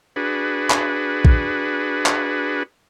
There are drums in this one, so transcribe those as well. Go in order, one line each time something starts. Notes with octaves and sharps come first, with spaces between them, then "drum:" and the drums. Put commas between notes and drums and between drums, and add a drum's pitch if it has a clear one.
D4 F#4 G#4 B4
drum: clap
drum: kick A#1
drum: clap